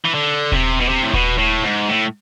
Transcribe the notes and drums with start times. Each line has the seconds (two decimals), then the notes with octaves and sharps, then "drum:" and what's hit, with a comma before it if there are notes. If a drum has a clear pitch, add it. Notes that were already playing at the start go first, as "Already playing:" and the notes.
0.05 E3
0.14 D3
0.52 C3, drum: kick D#1
0.81 B2
0.89 C3
1.03 A2
1.13 B2, drum: kick D#1
1.38 A2
1.64 G#2
1.88 A2